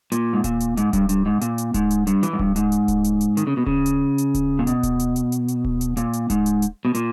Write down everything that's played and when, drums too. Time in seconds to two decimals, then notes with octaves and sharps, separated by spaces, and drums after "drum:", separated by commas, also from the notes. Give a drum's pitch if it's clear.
0.12 A#2, drum: hi-hat
0.33 G#2
0.44 A#2, drum: kick D1, hi-hat
0.60 drum: hi-hat
0.77 G#2, drum: hi-hat
0.93 G2, drum: kick D1, hi-hat
1.09 G2, drum: hi-hat
1.26 G#2
1.41 A#2, drum: hi-hat
1.58 drum: hi-hat
1.74 G#2, drum: kick D1, hi-hat
1.91 drum: hi-hat
2.07 G2, drum: hi-hat
2.23 E3, drum: hi-hat
2.33 G#2
2.39 G2, drum: kick D1
2.56 G#2, drum: hi-hat
2.72 drum: hi-hat
2.88 drum: kick D1, hi-hat
3.04 drum: hi-hat
3.21 drum: hi-hat
3.37 D#3, drum: hi-hat
3.47 C#3
3.57 B2
3.66 C#3, drum: kick D1
3.86 drum: hi-hat
4.18 drum: hi-hat
4.34 drum: kick D1, hi-hat
4.59 A#2
4.67 B2, drum: hi-hat
4.83 drum: kick D1, hi-hat
4.99 drum: hi-hat
5.16 drum: hi-hat
5.32 drum: hi-hat
5.48 drum: hi-hat
5.65 drum: kick D1
5.81 drum: hi-hat
5.97 A#2, drum: hi-hat
6.13 drum: hi-hat
6.30 G#2, drum: kick D1, hi-hat
6.46 drum: hi-hat
6.62 drum: hi-hat
6.85 B2
6.95 A#2, drum: hi-hat